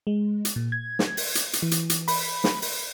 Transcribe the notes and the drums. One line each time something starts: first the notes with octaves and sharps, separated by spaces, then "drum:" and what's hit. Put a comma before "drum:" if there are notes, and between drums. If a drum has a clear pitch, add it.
G#3
drum: hi-hat
A#2
G#6
drum: snare
drum: open hi-hat
drum: hi-hat
drum: hi-hat
E3
drum: hi-hat
drum: hi-hat
B5, drum: open hi-hat
drum: snare
drum: open hi-hat